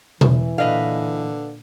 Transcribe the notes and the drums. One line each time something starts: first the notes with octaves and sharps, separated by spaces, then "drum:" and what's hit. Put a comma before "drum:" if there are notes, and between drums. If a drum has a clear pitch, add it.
E2 E3, drum: tom B2
A#2 D3 B4 D#5 F5